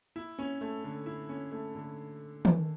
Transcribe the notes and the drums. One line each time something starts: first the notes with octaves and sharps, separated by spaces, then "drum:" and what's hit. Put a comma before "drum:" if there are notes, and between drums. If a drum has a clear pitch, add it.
E4
C#4
A3
D3
E4
C#4
A3
D3
drum: tom D#3